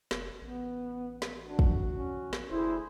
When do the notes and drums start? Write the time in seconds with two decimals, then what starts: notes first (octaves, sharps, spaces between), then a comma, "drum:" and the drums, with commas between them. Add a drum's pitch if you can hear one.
0.11 F1, drum: snare
0.41 A1 B3
1.22 drum: snare
1.43 D4 F#4
1.59 drum: kick
1.95 C#4
2.33 drum: snare
2.50 F1 D2 E4 G#4 A4 C5